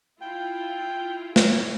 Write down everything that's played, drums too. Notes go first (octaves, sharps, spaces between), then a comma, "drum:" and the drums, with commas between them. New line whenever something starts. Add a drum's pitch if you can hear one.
E4 F4 G5
E3 C#5, drum: snare